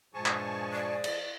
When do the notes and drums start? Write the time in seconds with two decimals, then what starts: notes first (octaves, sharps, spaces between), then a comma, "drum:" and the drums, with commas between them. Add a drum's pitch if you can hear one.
0.14 G2 A#2 F3 G#3 G#4 G#5 A5 C#6
0.26 drum: clap
0.73 D5
1.04 drum: cymbal